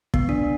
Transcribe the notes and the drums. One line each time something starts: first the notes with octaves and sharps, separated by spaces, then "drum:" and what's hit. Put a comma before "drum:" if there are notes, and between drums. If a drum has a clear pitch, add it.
B3, drum: kick
D4